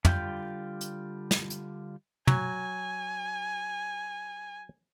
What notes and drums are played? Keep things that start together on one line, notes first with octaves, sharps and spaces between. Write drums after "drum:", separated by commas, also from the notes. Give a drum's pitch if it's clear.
D3 G3 F4 G5 G6, drum: tom
drum: hi-hat
drum: snare
drum: hi-hat
F#3 G#5, drum: tom